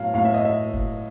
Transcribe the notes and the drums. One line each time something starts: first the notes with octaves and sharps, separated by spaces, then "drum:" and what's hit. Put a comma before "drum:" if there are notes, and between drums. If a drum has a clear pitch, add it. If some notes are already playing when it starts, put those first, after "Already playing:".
Already playing: A2 F#3 F5
A2 F5
E5
D#5
E5
drum: kick F#1